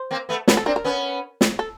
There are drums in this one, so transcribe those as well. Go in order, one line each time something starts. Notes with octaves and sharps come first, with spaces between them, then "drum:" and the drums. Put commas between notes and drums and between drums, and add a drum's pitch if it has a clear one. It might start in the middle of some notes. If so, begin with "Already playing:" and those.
Already playing: C5
A#3 C4
A3 B3
B3 C#4 A#4, drum: snare
A4
C4 D4 A#4
A#4
B3 C#4
drum: snare
A4